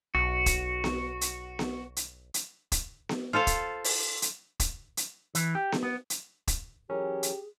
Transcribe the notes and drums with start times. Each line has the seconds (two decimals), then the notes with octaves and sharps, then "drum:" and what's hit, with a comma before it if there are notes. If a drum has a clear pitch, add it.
0.15 B1 F#4
0.46 drum: kick, hi-hat
0.84 drum: snare B3
1.21 drum: hi-hat
1.59 drum: snare B3
1.96 drum: hi-hat
2.34 drum: hi-hat
2.72 drum: kick, hi-hat
3.09 drum: snare B3
3.33 F4 A4 C5 F5
3.47 drum: kick, hi-hat
3.84 drum: open hi-hat
4.22 drum: hi-hat
4.60 drum: kick, hi-hat
4.97 drum: hi-hat
5.35 E3, drum: hi-hat
5.55 G4
5.72 drum: snare B3
5.83 B3
6.10 drum: hi-hat
6.48 drum: kick, hi-hat
6.90 E3 F#3 C#4 G4 G#4 A#4
7.23 drum: hi-hat